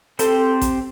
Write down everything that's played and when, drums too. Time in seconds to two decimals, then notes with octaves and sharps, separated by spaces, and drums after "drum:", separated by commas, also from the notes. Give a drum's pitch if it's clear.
0.19 C4 G4 A4 C5, drum: hi-hat
0.61 drum: kick A1, hi-hat